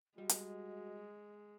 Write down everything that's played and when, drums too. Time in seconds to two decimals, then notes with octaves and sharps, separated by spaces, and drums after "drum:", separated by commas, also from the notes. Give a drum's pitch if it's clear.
0.18 G3 G#3 F#4 D#5
0.29 drum: hi-hat